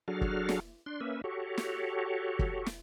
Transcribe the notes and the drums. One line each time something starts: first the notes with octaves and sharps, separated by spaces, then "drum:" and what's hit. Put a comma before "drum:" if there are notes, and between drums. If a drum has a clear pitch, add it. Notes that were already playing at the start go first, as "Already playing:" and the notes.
F#3 D4 F#4 G#4 A4 F6
drum: kick
drum: snare
D4 C6
A#3 C#4 B4 E5
F#4 G4 A4 C#5
drum: snare
drum: kick
drum: snare